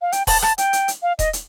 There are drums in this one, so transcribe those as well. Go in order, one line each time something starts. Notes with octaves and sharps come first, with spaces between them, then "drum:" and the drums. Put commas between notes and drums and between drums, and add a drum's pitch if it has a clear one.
F5
G5, drum: hi-hat
A5, drum: kick D#1, open hi-hat
A5, drum: rim click
G5, drum: hi-hat
drum: hi-hat
drum: hi-hat
F5
D#5, drum: kick D#1, hi-hat
drum: hi-hat